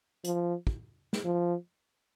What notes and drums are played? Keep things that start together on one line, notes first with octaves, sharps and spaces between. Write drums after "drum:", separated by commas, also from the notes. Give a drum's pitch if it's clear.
F3, drum: hi-hat
drum: kick
drum: snare
F3